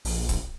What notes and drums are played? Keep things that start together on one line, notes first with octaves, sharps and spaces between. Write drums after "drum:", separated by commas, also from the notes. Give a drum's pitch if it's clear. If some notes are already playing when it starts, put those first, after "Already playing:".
A#1, drum: open hi-hat
drum: kick C#1, hi-hat